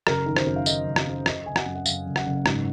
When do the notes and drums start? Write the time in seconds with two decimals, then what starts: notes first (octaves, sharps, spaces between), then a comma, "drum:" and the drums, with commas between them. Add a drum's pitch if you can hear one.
0.07 F#1 A#4, drum: rim click
0.26 D#3
0.37 C5, drum: rim click
0.46 F#2
0.56 F5
0.66 D#3 D#5, drum: tambourine
0.86 F#1
0.96 drum: rim click
1.06 F#2
1.26 F#1 D#5, drum: rim click
1.46 F#1 G#5
1.56 F#5, drum: rim click
1.66 F#2
1.75 F#5
1.86 F#1 F5, drum: tambourine
2.06 F#1
2.16 F#5, drum: rim click
2.26 F#1
2.46 G#2, drum: rim click